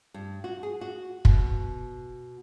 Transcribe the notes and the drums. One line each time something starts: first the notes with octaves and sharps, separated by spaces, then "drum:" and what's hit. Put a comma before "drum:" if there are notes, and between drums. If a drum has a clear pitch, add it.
G2
F#4
G#4
F#4
B2, drum: kick